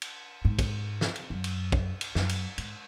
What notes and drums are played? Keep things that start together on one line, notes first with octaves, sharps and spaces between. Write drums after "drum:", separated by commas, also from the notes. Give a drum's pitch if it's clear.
drum: cymbal
G#2
drum: kick, cymbal
drum: snare
drum: cymbal
F#2
drum: cymbal
drum: kick
drum: cymbal
F#2, drum: snare
drum: cymbal
G#2, drum: cymbal